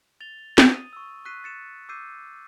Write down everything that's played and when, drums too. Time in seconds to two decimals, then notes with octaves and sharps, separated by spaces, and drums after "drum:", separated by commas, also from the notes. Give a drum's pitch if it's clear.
0.21 A6 F7 G7
0.58 drum: snare
0.70 D#6 D#7
0.93 C#6 E6
1.25 C#6 F#6 B6 C7 D#7
1.44 A6 C#7 E7
1.89 D6 E6 G6 C7 D#7